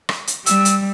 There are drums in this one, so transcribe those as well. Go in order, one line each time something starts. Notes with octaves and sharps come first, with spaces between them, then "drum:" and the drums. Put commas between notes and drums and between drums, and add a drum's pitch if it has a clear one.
drum: rim click
drum: hi-hat
G3 E6, drum: hi-hat
drum: hi-hat